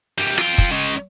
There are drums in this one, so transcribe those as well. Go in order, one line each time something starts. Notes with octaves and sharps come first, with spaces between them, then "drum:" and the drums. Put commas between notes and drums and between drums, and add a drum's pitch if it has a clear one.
F#2 G3
F4 G5, drum: rim click
drum: kick
G#3 C#4